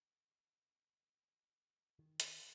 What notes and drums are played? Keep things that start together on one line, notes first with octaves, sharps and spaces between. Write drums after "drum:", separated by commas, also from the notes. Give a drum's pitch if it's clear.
D#3
drum: hi-hat